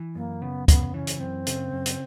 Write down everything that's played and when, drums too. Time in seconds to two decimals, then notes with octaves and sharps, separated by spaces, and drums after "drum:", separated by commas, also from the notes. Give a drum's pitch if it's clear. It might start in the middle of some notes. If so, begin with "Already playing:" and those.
Already playing: E3
0.15 F#2 A#3
0.42 C#3 B3
0.68 C#3 B3, drum: kick, hi-hat
0.94 E3 C#4
1.07 drum: hi-hat
1.20 F#2 C4
1.46 C#3, drum: hi-hat
1.72 F#2
1.86 drum: hi-hat